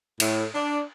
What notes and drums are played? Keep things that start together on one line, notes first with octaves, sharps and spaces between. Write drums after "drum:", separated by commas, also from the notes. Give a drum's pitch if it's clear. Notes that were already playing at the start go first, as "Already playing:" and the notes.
A2, drum: cymbal
D4